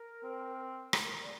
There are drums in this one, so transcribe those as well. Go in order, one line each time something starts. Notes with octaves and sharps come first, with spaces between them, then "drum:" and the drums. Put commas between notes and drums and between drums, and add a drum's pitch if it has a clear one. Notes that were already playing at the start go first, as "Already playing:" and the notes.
Already playing: A#4
C4
C5, drum: rim click
A#4
C5
D5